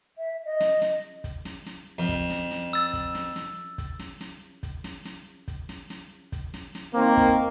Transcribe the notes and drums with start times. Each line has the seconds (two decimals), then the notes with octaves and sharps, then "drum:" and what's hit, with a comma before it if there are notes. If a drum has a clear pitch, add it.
0.18 E5
0.45 D#5
0.60 drum: snare
0.82 drum: snare
1.24 drum: kick, hi-hat
1.45 drum: snare
1.66 drum: snare
1.98 F2
2.09 drum: kick, hi-hat
2.30 drum: snare
2.51 drum: snare
2.73 E6 A6
2.93 drum: kick, hi-hat
3.15 drum: snare
3.36 drum: snare
3.78 drum: kick, hi-hat
3.99 drum: snare
4.21 drum: snare
4.63 drum: kick, hi-hat
4.84 drum: snare
5.05 drum: snare
5.48 drum: kick, hi-hat
5.69 drum: snare
5.90 drum: snare
6.32 drum: kick, hi-hat
6.54 drum: snare
6.75 drum: snare
6.95 D#3 A#3 C4
7.17 drum: kick, hi-hat